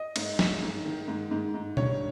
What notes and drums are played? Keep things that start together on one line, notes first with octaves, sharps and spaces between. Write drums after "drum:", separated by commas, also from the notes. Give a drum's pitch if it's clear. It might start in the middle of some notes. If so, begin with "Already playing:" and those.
Already playing: D#5
G#2, drum: cymbal
G#2, drum: snare
G#2
D#3
G#2
G#2
G#2
G2 C#5, drum: tom B2